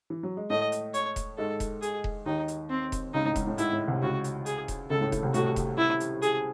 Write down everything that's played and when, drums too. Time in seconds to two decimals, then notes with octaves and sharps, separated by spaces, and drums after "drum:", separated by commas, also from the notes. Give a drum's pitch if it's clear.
0.10 E3
0.23 F#3
0.37 G#3
0.50 A2 A3 D#5
0.72 drum: hi-hat
0.94 C#5, drum: hi-hat
1.16 drum: kick E1, hi-hat
1.38 G#2 G#3 A4
1.60 drum: kick E1, hi-hat
1.82 G#4, drum: hi-hat
2.04 drum: kick E1
2.26 D#2 D#3 D#4
2.48 drum: hi-hat
2.70 C4
2.92 drum: kick E1, hi-hat
3.14 C#2 C#3 D#4
3.25 A2
3.36 G#2, drum: kick E1, hi-hat
3.47 A2
3.58 G#2 E4, drum: hi-hat
3.73 A2
3.87 C2 C3
4.02 C#2 C#3 F#4
4.24 drum: hi-hat
4.46 G#4, drum: hi-hat
4.68 drum: kick E1, hi-hat
4.90 C#2 C#3 A4
5.01 A2
5.12 A2, drum: kick E1, hi-hat
5.23 C2 C3
5.34 A2 A3 F#4, drum: hi-hat
5.56 drum: kick E1, hi-hat
5.78 E4
6.00 drum: hi-hat
6.22 G#4, drum: hi-hat